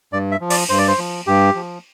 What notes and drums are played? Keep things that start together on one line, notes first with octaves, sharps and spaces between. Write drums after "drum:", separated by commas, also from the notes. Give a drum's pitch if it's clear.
G2 D5
E5
F3
D5, drum: open hi-hat
G2 C5
D5
C5
F3
G2 G4
F3